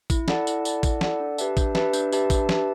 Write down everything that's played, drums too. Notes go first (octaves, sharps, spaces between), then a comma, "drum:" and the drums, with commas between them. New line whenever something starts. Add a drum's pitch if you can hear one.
E4, drum: kick, tambourine
A4 D5 F#5 A5, drum: snare
E4, drum: tambourine
A4 D5 F#5 A5, drum: tambourine
E4, drum: kick, tambourine
A4 D5 F#5 A5, drum: snare
D4
G4 B4 E5 A5, drum: tambourine
D4, drum: kick, tambourine
G4 B4 E5 A5, drum: snare
D4, drum: tambourine
G4 B4 E5 A5, drum: tambourine
D4, drum: kick, tambourine
G4 B4 E5 A5, drum: snare